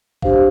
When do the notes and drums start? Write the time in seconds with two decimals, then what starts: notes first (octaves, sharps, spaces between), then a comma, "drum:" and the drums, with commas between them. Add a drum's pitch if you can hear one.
0.22 D4 G4 C5 F5, drum: kick A1